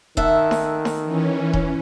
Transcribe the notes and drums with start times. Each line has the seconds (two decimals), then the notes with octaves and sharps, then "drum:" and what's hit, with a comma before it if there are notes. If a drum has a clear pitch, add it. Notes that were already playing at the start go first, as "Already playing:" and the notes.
0.17 D#3 A4 E5 F#5, drum: kick D#1
0.51 drum: snare D#4
0.85 drum: snare D#4
1.03 E3 C#4
1.53 drum: kick D#1